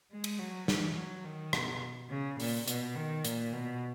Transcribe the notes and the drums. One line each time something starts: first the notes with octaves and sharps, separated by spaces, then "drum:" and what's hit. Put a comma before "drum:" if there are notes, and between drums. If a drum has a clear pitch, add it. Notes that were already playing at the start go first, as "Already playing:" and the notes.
G#3
drum: cymbal
F#3
E3, drum: snare
F#3
D#3
B2, drum: rim click
C#3
A#2, drum: open hi-hat
B2, drum: hi-hat
D#3
A#2, drum: hi-hat
B2